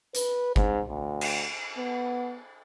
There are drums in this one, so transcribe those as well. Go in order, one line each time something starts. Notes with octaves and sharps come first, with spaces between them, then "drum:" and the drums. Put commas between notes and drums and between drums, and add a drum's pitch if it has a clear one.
B4, drum: hi-hat
G#2, drum: kick G1
D2
drum: cymbal
B3